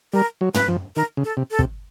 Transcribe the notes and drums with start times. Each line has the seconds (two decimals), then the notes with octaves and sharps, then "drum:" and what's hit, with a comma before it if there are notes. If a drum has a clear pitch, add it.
0.13 G3 A#4
0.41 F#3
0.54 B4, drum: tom
0.68 F3
0.96 D#3 A#4
1.17 C#3
1.24 A4
1.37 C3
1.51 A4
1.59 C3, drum: kick